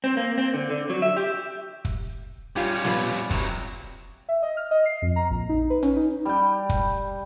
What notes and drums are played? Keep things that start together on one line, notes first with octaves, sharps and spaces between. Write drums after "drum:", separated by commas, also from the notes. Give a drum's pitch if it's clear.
C4
A#3
C4
D3
D3
F#3
E5
G4
drum: kick
G3 C#4 F4 G4
C4 F4 B4, drum: snare
C3 F#3, drum: kick
E5
D#5
F6
D#5
C7
F2
A#5
A#1
D#4
B4
C#4, drum: hi-hat
D#4
G3 G5
drum: kick